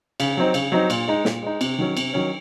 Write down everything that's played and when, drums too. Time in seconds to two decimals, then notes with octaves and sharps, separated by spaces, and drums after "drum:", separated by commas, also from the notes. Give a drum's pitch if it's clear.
0.20 C#3, drum: cymbal
0.37 F#3 C4 D#4
0.54 C#3, drum: cymbal
0.72 F#3 C4 D#4
0.90 A#2, drum: cymbal
1.08 G#3 D#4
1.25 A#2, drum: snare
1.43 G#3 D#4
1.61 C3, drum: cymbal
1.79 D#3 F#3 C#4
1.97 C3, drum: cymbal
2.13 D#3 F#3 C#4